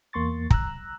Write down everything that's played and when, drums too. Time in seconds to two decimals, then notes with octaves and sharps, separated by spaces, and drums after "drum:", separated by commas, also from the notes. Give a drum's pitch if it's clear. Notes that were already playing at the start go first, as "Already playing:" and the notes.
0.13 E2 A#3 C6 C#6 A6
0.50 A#5 E6 F#6, drum: kick